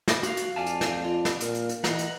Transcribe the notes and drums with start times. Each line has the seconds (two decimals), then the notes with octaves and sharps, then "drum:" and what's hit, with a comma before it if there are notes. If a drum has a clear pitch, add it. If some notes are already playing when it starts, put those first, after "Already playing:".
0.08 drum: snare
0.23 F#4 F5, drum: hi-hat
0.37 drum: hi-hat
0.56 F2 D5 F5 G#5 A5
0.66 drum: hi-hat
0.81 drum: snare
1.03 F4
1.25 drum: snare
1.41 A#2 A#4, drum: hi-hat
1.54 drum: hi-hat
1.69 drum: hi-hat
1.84 E3 D#5 F#5 A#5, drum: snare
1.99 drum: hi-hat